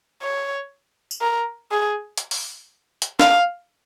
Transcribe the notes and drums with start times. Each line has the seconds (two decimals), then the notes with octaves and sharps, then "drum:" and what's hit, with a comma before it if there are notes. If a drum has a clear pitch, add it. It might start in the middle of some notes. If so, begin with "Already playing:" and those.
0.22 C#5
1.11 drum: tambourine
1.21 A#4
1.71 G#4
2.18 drum: hi-hat
2.31 drum: open hi-hat
3.02 drum: hi-hat
3.20 F5, drum: snare